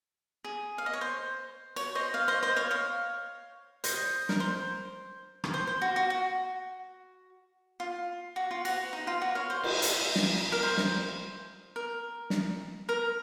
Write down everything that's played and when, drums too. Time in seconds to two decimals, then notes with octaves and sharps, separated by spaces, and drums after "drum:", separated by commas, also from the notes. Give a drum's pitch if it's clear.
0.44 G#4
0.78 F5
0.86 D#5
0.93 C#5
1.01 C5
1.76 C#5, drum: cymbal
1.95 C5 D#5
2.14 C#5 F5
2.28 C5 D#5
2.43 C5 D#5
2.56 C#5 F5
2.71 C#5 F5
3.84 C5 D#5, drum: hi-hat
4.29 A#4, drum: snare
4.40 C5
5.44 drum: rim click
5.54 C5
5.67 C5
5.82 F#4
5.96 F#4
6.10 F#4
7.80 F4
8.36 F#4
8.51 F4
8.65 F#4, drum: cymbal
8.93 D#4
9.07 F4
9.22 F#4
9.35 C#5 F5
9.50 C5
9.64 drum: cymbal
9.82 drum: hi-hat
10.16 drum: snare
10.52 A#4
10.63 C5
10.77 drum: snare
11.76 A#4
12.30 drum: snare
12.89 A#4